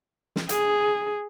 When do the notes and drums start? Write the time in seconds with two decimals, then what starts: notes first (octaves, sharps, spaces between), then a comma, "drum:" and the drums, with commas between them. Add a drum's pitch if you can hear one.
0.36 drum: snare
0.49 G#4, drum: hi-hat